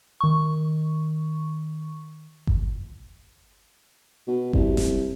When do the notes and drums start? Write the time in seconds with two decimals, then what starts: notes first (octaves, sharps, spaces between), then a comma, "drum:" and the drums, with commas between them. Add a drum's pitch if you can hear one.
0.21 D#3 C#6
2.47 drum: kick G1
4.27 B2
4.53 C2, drum: kick G1
4.77 drum: snare F1